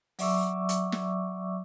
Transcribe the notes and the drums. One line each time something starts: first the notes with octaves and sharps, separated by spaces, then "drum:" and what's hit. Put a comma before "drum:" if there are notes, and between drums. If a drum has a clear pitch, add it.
F#3 D5 E5 C#6 D6 E6, drum: open hi-hat
drum: hi-hat
drum: snare